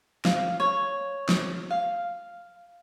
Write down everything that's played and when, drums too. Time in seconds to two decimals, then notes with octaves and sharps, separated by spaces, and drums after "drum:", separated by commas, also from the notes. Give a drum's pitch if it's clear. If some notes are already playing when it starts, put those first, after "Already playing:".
0.25 F5, drum: snare
0.60 C#5
1.29 drum: snare
1.70 F5